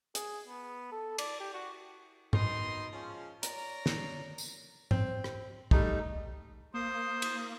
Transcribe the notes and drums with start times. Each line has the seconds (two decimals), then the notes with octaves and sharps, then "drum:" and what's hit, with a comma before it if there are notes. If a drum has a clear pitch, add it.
0.15 G#4, drum: hi-hat
0.47 B3
0.92 A4
1.18 D5, drum: cymbal
1.40 G4
1.54 F#4
2.33 B2 D#3 D#4 D#5 C6, drum: tom
2.92 F3 G#3 C#4
3.43 A#4 C#5 D5 A#5, drum: hi-hat
3.86 drum: snare
4.38 drum: tambourine
4.91 C4, drum: tom
5.24 drum: rim click
5.71 G3 A3 D#4, drum: kick
6.74 A#3 C5 D#6
7.22 drum: cymbal